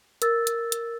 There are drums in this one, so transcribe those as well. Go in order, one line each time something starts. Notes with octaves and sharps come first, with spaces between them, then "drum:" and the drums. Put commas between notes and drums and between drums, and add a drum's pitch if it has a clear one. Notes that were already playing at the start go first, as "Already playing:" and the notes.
A#4 E6 A6, drum: hi-hat
drum: hi-hat
drum: hi-hat